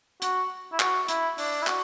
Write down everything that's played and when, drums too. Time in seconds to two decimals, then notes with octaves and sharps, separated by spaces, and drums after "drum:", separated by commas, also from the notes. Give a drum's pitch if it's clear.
0.22 F#4, drum: hi-hat
0.73 E4
0.80 F#4, drum: clap
1.08 E4, drum: hi-hat
1.38 D4, drum: open hi-hat
1.62 E4
1.67 F#4, drum: clap